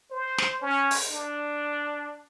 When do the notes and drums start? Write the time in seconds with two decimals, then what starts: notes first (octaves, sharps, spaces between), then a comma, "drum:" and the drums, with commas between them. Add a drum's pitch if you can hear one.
0.11 C5
0.38 drum: snare
0.62 C#4
0.91 drum: open hi-hat
1.10 D4